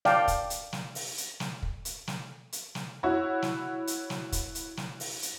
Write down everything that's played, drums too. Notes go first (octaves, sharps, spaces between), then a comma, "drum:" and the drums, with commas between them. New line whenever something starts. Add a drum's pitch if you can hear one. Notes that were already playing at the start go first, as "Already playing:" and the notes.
D5 F5 G5 A5, drum: snare
drum: kick, hi-hat
drum: hi-hat
drum: snare
drum: open hi-hat
drum: hi-hat
drum: snare
drum: kick
drum: hi-hat
drum: snare
drum: hi-hat
drum: snare
E4 F#4 C#5
drum: snare
drum: hi-hat
drum: snare
drum: kick, hi-hat
drum: hi-hat
drum: snare
drum: open hi-hat
drum: hi-hat